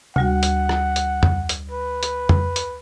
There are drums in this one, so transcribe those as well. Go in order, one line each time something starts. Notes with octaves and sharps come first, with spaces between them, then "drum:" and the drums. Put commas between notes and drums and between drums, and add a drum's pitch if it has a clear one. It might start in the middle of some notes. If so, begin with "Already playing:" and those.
D2 G3 F#4 F#5, drum: tom
drum: hi-hat
drum: rim click
drum: hi-hat
drum: tom F2
drum: hi-hat
B4
drum: hi-hat
drum: tom F2
drum: hi-hat